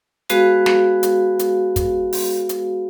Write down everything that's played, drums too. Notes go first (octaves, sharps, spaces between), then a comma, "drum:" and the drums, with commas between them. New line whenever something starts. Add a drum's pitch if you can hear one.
G#3 B3 F#4 G#4 B4 F5, drum: hi-hat
drum: snare
drum: hi-hat
drum: hi-hat
drum: kick, hi-hat
drum: open hi-hat
drum: hi-hat